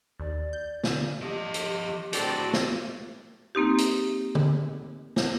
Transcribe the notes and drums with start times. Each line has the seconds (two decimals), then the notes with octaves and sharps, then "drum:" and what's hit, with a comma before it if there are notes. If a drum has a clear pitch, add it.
0.20 D#2 D5
0.53 G6
0.84 B2 D3, drum: snare
1.22 F3 G4 D#5
1.54 drum: hi-hat
2.13 A2 C4 D4 F#4 D5 G6 C7, drum: hi-hat
2.53 drum: snare
3.55 A#3 C4 D#4 G4
3.78 drum: hi-hat
4.35 drum: tom D3
5.16 drum: snare